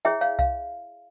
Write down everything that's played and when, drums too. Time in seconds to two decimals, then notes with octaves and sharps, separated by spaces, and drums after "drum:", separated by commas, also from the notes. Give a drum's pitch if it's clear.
0.05 E4 G#4 C#5 E5 G5
0.21 C#5 F5
0.39 F5, drum: kick C2